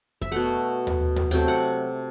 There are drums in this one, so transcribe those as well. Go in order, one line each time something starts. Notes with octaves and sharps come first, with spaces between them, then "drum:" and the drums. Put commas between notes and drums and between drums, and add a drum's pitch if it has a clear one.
E5, drum: kick F2
B2 A3 F#5
drum: tom D#2
drum: tom D#2
C3 F#3 A3 G5
F#5